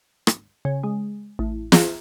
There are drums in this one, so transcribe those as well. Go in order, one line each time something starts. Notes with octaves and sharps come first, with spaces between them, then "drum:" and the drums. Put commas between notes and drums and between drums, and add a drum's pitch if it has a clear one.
drum: rim click
C#3
G#3
A1
G#4, drum: snare